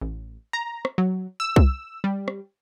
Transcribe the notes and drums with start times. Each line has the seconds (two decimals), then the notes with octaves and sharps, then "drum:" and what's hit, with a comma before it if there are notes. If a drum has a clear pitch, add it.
0.01 A1
0.53 A#5
0.85 drum: rim click
0.98 F#3
1.40 E6
1.56 drum: kick C2
2.04 G3
2.28 drum: rim click